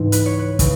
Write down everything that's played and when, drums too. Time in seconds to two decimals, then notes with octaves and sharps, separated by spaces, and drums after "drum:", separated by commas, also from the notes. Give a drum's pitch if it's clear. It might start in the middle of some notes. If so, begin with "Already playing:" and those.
Already playing: C#2 G#2 C#3 E3
0.12 B4, drum: hi-hat
0.26 C#5
0.39 B4
0.59 C#3 E3, drum: kick, hi-hat